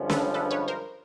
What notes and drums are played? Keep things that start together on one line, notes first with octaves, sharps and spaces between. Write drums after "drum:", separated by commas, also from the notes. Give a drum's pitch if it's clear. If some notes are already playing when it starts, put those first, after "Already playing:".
Already playing: G2 D3 F3 G#3 C#4
A4 B4, drum: snare C#4
A4 B4
B4 C#5
A#4 C5